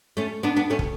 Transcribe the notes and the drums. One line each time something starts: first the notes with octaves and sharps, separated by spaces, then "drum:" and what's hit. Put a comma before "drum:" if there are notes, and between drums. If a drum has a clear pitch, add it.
A3 C#4
B3 D4
B3 D4
A3 C#4
drum: kick